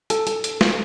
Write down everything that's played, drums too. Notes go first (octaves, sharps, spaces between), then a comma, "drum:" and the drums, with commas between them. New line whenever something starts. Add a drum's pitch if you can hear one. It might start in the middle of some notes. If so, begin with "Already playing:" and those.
A4, drum: hi-hat
A4, drum: hi-hat
drum: hi-hat
drum: snare